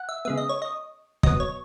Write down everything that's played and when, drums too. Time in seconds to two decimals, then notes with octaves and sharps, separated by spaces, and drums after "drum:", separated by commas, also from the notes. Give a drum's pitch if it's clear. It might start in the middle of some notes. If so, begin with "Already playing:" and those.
Already playing: F#5
0.09 E5
0.25 C#3 G#3 B3 E5
0.38 D#5
0.49 C#5
0.62 D#5
1.23 B2 F#3 B3 D#5, drum: kick
1.40 C#5